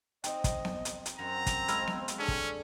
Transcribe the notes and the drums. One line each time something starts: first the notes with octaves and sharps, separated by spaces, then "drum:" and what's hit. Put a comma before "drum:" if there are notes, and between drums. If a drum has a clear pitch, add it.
C4 D#4 D#5 G5, drum: hi-hat
drum: kick, hi-hat
drum: snare B3
drum: hi-hat
drum: hi-hat
F#2 C4 A#5
drum: kick, hi-hat
G#3 F4 G#4 B5 E6 F6, drum: hi-hat
drum: snare B3
drum: hi-hat
C#4 D4 G#4 A4
drum: kick